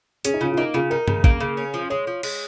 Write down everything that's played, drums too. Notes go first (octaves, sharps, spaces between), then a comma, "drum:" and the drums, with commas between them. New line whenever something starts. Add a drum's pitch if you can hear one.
C#4 G#4, drum: hi-hat
D#4
C#3 F4
F4
A#3 D#4
C#3 F4
D#4 A#4
C#3, drum: tom G2
A#3, drum: kick
C#3
C#4
F3
G#3 C#5
F3
G#3, drum: cymbal